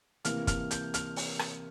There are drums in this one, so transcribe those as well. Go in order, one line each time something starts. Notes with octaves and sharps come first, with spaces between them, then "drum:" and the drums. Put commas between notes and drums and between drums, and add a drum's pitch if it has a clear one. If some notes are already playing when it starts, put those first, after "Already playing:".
C3 E3 A#3 F6, drum: hi-hat
F6, drum: kick, hi-hat
G6, drum: hi-hat
F6, drum: hi-hat
drum: open hi-hat
drum: rim click